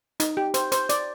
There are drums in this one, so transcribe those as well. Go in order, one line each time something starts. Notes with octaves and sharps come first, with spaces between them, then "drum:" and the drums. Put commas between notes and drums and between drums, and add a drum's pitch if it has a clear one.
D#4, drum: hi-hat
G4
C5, drum: hi-hat
C5, drum: hi-hat
D5, drum: hi-hat